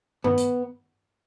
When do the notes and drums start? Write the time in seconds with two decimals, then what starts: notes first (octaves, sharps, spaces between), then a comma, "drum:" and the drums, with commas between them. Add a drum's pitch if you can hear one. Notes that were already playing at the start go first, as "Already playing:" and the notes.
0.24 B3, drum: tom G2
0.38 drum: hi-hat